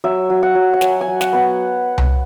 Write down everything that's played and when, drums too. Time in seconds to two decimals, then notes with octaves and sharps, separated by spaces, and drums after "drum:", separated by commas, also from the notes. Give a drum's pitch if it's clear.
0.04 F#3 E5
0.30 F#3
0.43 F#5
0.55 F#3
0.73 F#5
0.81 F#3 G#5, drum: snare
1.01 G#5
1.08 F#3
1.21 F#5, drum: snare
1.33 B3 F#5
1.98 drum: tom C2